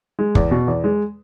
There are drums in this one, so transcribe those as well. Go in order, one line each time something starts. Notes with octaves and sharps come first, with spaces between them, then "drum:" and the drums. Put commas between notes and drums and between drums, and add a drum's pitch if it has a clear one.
G#3
E2, drum: kick
B2
E2
G#3